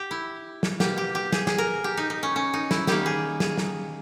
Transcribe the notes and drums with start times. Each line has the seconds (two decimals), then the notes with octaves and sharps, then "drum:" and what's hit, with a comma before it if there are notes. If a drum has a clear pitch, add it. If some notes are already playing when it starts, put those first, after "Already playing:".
Already playing: G4
0.11 E4
0.63 drum: snare
0.80 B2 A#3 G4, drum: snare
0.98 G4
1.15 G4
1.32 G#4, drum: snare
1.47 G#4, drum: snare
1.58 A#4
1.84 G4
1.97 D#4
2.10 D#4
2.23 C#4
2.36 C#4
2.54 D#4
2.71 E4, drum: snare
2.87 D#3 G3 A#3 G4, drum: snare
3.06 G#4
3.40 G#4, drum: snare
3.58 drum: snare